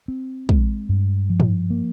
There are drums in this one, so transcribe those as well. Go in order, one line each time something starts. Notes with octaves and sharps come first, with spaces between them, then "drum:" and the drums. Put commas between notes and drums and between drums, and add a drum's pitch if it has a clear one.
C4
G#3, drum: kick
G2
F3
drum: tom G#2
A#3